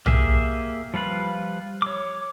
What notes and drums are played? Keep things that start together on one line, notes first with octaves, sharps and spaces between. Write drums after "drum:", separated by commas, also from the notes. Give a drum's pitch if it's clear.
A#3 G4 G#4 E5, drum: tom B1
F3 G3 F4 B4
C#5 D6